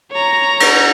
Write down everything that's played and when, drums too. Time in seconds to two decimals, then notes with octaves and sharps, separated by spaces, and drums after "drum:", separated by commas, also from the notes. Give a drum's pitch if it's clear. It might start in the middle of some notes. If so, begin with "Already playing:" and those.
0.12 C#5 A#5
0.60 drum: cymbal